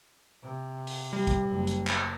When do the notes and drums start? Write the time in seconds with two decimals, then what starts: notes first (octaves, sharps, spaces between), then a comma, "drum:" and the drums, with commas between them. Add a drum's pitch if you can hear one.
0.42 C3
0.87 drum: open hi-hat
1.13 G3
1.27 drum: kick, hi-hat
1.47 F#1
1.67 drum: hi-hat
1.87 drum: clap